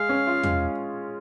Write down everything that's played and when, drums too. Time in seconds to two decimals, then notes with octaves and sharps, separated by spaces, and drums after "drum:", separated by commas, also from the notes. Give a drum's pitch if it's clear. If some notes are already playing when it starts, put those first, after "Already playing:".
Already playing: G#3 G#4 F5
0.09 C#4
0.27 F4
0.43 G#3, drum: tom